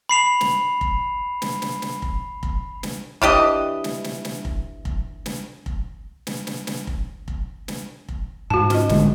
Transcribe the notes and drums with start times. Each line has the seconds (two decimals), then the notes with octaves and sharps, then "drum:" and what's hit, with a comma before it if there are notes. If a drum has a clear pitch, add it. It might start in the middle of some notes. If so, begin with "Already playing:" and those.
0.09 B5 C7 F7
0.41 drum: snare
0.81 drum: kick F1
1.42 drum: snare
1.62 drum: snare
1.82 drum: snare
2.02 drum: kick F1
2.43 drum: kick F1
2.83 drum: snare
3.22 E3 D4 G4 D#5, drum: kick F1
3.84 drum: snare
4.04 drum: snare
4.25 drum: snare
4.45 drum: kick F1
4.85 drum: kick F1
5.26 drum: snare
5.66 drum: kick F1
6.27 drum: snare
6.47 drum: snare
6.67 drum: snare
6.87 drum: kick F1
7.28 drum: kick F1
7.68 drum: snare
8.09 drum: kick F1
8.50 G#2 F#4 A5
8.70 C#4 F4 D#5, drum: snare
8.89 A1 D3 G#3, drum: snare